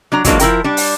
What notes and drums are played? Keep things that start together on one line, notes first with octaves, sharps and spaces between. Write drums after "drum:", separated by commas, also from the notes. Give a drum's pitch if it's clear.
F#3 D4 A#5
E3 F#3 G#3 A#3 D4 F4, drum: kick, hi-hat
F3 E4 A#4 G5, drum: hi-hat
G3 D4
drum: open hi-hat